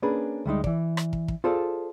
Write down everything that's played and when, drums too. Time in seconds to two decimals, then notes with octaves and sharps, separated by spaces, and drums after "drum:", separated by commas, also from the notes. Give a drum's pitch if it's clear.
0.02 A#3 C#4 D4 G#4 B4
0.46 D2 G3 G#3 D#4
0.64 E3 D5, drum: kick
0.97 drum: rim click
1.13 drum: kick
1.28 drum: kick
1.44 F4 G#4 A4 C5 D5